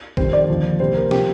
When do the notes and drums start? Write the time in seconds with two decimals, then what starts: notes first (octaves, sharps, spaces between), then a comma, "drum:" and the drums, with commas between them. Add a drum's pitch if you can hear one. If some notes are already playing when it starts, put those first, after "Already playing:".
0.17 F2 D#3 G3 C5, drum: kick A#1
0.33 D5
0.49 D#2 D3 F3
0.80 C2 A#2 G3 C5
0.95 A#4
1.11 C3 F3 G4, drum: snare